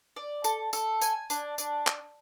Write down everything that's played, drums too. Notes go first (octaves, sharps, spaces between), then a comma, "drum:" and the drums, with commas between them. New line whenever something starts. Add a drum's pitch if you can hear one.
D5
A4, drum: tambourine
A4, drum: tambourine
G#5, drum: tambourine
D4, drum: tambourine
D4, drum: tambourine
drum: clap